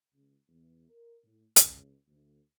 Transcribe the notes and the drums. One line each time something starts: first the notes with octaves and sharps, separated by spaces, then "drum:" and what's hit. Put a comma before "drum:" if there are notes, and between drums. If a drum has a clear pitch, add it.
C#2
E2
A#4
A2
C#2, drum: hi-hat
D2